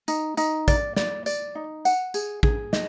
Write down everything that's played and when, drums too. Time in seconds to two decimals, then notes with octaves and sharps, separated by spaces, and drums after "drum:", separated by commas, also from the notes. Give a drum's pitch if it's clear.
0.08 D#4, drum: tambourine
0.37 D#4, drum: tambourine
0.68 D5, drum: kick, tambourine
0.96 D5, drum: snare
1.26 D5, drum: tambourine
1.55 D#4
1.85 F#5, drum: tambourine
2.14 G#4, drum: tambourine
2.43 G#4, drum: kick
2.73 D#5, drum: snare